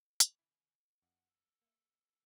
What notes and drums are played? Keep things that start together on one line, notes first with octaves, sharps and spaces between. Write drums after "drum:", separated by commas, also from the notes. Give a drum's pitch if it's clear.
C#3 E3, drum: hi-hat
E4
F2 F#5
A4 A#4
A#3 E5